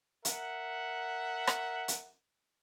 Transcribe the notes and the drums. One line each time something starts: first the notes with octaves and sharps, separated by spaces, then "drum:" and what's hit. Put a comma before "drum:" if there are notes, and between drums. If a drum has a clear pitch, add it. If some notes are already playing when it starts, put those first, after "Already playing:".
A#4 E5 F#5, drum: hi-hat
drum: rim click
drum: hi-hat